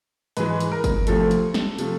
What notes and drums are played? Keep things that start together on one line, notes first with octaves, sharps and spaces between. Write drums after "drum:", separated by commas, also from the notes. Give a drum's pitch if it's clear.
G#2 E3 G#3 B4, drum: hi-hat
drum: hi-hat
A#4
drum: kick G1, hi-hat
D2 C3 F3 A3 A4, drum: hi-hat
drum: hi-hat
drum: snare
C3 F3 A3, drum: hi-hat